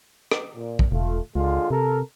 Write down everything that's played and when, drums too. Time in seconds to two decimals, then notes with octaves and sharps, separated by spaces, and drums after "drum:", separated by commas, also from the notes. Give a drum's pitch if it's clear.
0.31 drum: rim click
0.55 A#2
0.79 drum: kick
0.92 E1 A3 F4
1.36 C#2 D3 G#3 F4
1.71 C3 A4 A#4